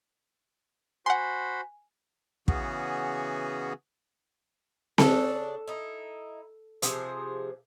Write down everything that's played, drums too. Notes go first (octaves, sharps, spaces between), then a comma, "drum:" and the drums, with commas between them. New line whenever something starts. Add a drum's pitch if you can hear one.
F#4 C5 F#5 G#5 B5 C6
C#3 E3 B3 C#4 F#4 G#4, drum: kick
C#3 D4 A4, drum: snare C4
D#4 E4
C3 F3 G#4, drum: hi-hat